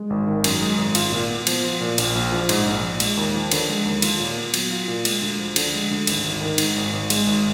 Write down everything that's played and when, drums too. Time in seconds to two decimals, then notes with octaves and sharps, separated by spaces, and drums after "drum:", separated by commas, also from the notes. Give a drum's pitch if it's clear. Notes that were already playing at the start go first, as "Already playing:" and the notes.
Already playing: G#3
0.10 G#1
0.27 D#3
0.44 F#2, drum: cymbal
0.61 G#3
0.78 G#1
0.95 F4, drum: cymbal
1.12 A#2
1.30 B3
1.47 F3, drum: cymbal
1.64 F4
1.81 A#2
1.98 A#1, drum: cymbal
2.15 A#1
2.32 F3
2.49 G#2, drum: cymbal
2.66 A#1
2.83 A#1
3.00 G#3, drum: cymbal
3.17 D#2
3.35 F3
3.52 D3, drum: cymbal
3.69 G#3
3.85 D#2
4.02 F4, drum: cymbal
4.20 A#2
4.36 B3
4.54 F#3, drum: cymbal
4.70 F4
4.88 A#2
5.05 G#3, drum: cymbal
5.22 D2
5.39 F3
5.56 D3, drum: cymbal
5.74 G#3
5.91 D2
6.07 G#1, drum: cymbal
6.24 G#1
6.41 D#3
6.58 G#2, drum: cymbal
6.76 G#1
6.93 G#1
7.10 G#3, drum: cymbal
7.27 G#1